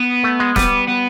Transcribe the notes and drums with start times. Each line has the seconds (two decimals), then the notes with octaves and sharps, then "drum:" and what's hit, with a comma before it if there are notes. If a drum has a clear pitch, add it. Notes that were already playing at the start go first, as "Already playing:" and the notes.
Already playing: B3
0.24 A3
0.40 G#3
0.56 G3 B3, drum: snare
0.88 B3